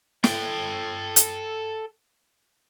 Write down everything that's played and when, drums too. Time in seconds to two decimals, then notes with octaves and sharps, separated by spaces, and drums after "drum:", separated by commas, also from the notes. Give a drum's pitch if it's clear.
0.24 A4 G5, drum: snare
1.16 drum: hi-hat